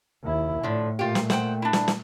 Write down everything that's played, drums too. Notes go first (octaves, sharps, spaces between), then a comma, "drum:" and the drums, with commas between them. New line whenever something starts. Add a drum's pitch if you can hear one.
D#2 E4
A2 D3 F3
A#2 A3 F4 G4
drum: snare
C5 F#5 G5, drum: snare
D4 E4
drum: snare
drum: snare